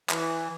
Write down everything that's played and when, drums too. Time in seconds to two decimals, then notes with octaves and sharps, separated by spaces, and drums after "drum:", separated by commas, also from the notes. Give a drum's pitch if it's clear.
0.10 E3, drum: clap